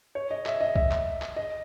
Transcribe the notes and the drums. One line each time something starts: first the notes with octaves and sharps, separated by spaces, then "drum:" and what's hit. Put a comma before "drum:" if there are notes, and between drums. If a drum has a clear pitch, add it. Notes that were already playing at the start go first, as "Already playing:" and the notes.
C#5
D#5
E5, drum: clap
D#5
E5, drum: kick
drum: clap
drum: clap
D#5